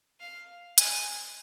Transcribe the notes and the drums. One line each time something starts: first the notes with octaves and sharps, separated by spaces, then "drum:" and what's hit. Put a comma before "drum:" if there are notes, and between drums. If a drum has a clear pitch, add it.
F5
G#5, drum: hi-hat